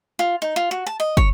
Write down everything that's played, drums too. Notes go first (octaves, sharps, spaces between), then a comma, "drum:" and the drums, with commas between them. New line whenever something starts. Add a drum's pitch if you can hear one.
F4
D#4
F4
F#4
A5
D#5
C#5, drum: kick